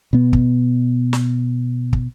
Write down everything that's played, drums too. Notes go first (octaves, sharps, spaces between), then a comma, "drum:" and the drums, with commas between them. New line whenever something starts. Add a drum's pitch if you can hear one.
B2 B3
drum: kick
drum: snare
drum: kick